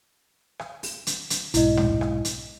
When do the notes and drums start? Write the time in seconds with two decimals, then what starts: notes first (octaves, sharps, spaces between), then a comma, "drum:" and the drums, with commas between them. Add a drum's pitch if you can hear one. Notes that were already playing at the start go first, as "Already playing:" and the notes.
0.59 drum: rim click
0.83 drum: open hi-hat
1.07 drum: hi-hat
1.30 drum: hi-hat
1.54 B1 G#2 E4 D#5, drum: hi-hat
1.77 drum: tom
2.01 drum: rim click
2.25 drum: hi-hat